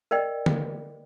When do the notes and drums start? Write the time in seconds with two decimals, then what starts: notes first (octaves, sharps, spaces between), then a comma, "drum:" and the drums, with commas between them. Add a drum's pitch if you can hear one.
0.11 A#4 D5 D#5 G5
0.46 drum: tom D3